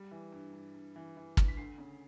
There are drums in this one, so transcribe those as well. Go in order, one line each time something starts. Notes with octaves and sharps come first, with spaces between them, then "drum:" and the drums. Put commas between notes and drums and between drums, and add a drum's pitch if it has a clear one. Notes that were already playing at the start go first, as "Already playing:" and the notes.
Already playing: G3
E3
G2
G2
G2
E3
E3
G2, drum: kick
B6
D2 C7
C#3